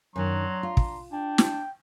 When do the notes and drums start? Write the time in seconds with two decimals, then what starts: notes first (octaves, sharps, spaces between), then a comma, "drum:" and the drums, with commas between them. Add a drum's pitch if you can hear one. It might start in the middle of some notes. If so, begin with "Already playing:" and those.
0.16 F#2 D#3 F#3 D4 A#5 C6
0.63 F4
0.77 drum: kick
1.12 D4 G5
1.38 drum: snare